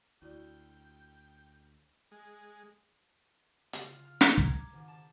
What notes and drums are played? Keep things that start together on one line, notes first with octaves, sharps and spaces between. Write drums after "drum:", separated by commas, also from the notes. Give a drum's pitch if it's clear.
D2 E4 F#4 D5 G5
G#3
C#3, drum: hi-hat
F4
F6
A#5, drum: snare
G#6, drum: kick
D6
G#1
A5